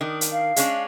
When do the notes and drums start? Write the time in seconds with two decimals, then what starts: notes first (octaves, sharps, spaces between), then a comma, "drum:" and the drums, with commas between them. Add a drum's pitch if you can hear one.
0.01 D#3 D4
0.21 drum: hi-hat
0.32 F5
0.56 G#3 C#4 D4, drum: hi-hat